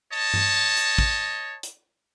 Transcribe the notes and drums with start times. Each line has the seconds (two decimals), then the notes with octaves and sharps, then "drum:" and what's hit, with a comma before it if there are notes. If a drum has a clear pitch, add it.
0.12 C#5 D#5 A5
0.34 drum: tom G2
0.77 drum: hi-hat
0.98 drum: kick
1.63 drum: hi-hat